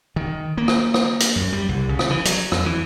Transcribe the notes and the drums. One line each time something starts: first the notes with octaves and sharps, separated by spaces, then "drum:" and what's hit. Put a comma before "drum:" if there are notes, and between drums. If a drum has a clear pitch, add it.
D#3
A#3
drum: rim click
drum: rim click
drum: hi-hat
F#2
G3
C2
C#3
drum: rim click
E3
F#3, drum: hi-hat
F2, drum: rim click
E3